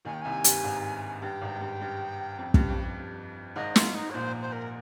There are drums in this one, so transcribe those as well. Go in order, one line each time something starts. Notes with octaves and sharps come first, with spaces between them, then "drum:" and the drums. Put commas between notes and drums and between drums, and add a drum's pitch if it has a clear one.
D#2 D#3 G#5
G5
C2 C3 G#5
G2, drum: hi-hat
G#1 G#2
G2 G5
G#1 G#2
G2
G2
F2
G2, drum: kick
F2
G2
G2
G#1 G#2 D#5
F4, drum: snare
D#4
C#5
A#1 A#2 C5
C5
A#4